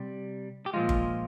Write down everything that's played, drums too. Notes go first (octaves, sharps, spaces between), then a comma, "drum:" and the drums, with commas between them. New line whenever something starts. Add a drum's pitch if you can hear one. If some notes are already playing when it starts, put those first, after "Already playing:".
Already playing: C3 G3
G4
A#2 F3 G#3 F4
drum: kick G1